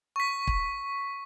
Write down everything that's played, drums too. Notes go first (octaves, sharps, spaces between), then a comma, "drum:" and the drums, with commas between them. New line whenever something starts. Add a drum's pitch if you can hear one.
C#6 B6
drum: kick